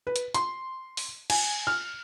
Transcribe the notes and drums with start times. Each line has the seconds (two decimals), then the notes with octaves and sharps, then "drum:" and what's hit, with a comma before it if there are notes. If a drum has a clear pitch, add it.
0.07 B4
0.16 drum: hi-hat
0.34 C6, drum: hi-hat
0.97 drum: open hi-hat
1.30 G#5, drum: cymbal
1.67 F6